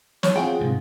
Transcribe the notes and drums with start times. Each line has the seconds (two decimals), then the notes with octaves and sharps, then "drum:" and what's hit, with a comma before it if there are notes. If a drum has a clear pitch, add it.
0.23 C#5, drum: snare
0.36 C4 F4 G#4 F#5 G5
0.60 D2 G#2 C3